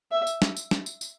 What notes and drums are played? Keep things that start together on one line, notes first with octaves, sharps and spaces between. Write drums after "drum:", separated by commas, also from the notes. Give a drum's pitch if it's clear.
E5
drum: tambourine
drum: snare
drum: tambourine
drum: snare
drum: tambourine
drum: tambourine